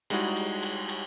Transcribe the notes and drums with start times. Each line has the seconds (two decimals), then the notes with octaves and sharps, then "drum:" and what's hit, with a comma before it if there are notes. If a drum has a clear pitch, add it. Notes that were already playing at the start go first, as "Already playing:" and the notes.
0.10 G3 G#3 D#4 E4 F#4 G#4, drum: cymbal
0.36 drum: cymbal
0.63 drum: cymbal
0.89 drum: cymbal